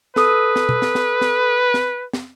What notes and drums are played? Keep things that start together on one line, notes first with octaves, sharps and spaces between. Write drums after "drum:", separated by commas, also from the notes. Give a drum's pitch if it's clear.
A4 B4 D#6, drum: snare
drum: snare
drum: tom B2
drum: snare
drum: snare
drum: snare
drum: snare
drum: snare